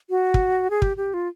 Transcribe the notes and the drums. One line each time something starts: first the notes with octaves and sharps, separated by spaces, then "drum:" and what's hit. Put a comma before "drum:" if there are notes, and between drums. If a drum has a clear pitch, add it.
F#4
drum: kick
G#4
G4, drum: kick
G4
F4